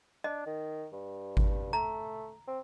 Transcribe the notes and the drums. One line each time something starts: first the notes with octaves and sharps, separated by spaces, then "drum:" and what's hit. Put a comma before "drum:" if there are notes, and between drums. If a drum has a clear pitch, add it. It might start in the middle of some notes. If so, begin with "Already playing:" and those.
D4 D#5
D#3
G2
drum: kick G#1
A3 A#5
C4